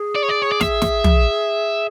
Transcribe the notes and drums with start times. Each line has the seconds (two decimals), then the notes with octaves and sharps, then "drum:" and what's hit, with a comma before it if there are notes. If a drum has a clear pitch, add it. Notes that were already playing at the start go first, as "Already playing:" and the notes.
Already playing: G#4
0.16 D5
0.23 C#5
0.29 D5
0.43 C#5
0.52 D5
0.61 E5, drum: snare
0.82 drum: snare
1.04 drum: tom